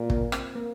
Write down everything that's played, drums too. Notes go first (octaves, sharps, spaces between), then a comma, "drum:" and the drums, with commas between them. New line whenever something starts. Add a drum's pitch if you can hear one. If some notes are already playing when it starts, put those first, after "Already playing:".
Already playing: A#2
A#3, drum: kick
C4, drum: rim click
A#3